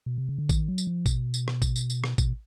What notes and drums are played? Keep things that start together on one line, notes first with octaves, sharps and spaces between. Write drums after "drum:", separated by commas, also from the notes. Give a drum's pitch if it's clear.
B2
C3
C#3
D3
D#3, drum: kick A1, tambourine
F#3
drum: tambourine
F3
B2, drum: kick A1, tambourine
drum: tambourine
drum: rim click
drum: kick A1, tambourine
drum: tambourine
drum: tambourine
drum: rim click
B2, drum: kick A1, tambourine